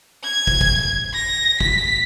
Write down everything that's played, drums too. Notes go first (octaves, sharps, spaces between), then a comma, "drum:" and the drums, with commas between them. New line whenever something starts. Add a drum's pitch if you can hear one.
G#6
drum: kick
drum: kick
A#6
B6, drum: kick